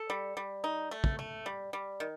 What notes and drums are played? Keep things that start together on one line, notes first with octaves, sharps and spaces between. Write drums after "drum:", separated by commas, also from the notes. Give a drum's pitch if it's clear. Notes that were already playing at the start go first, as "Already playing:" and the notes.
Already playing: A4
G3
G3
D#4
A3
drum: kick
A3
G3
G3
D#3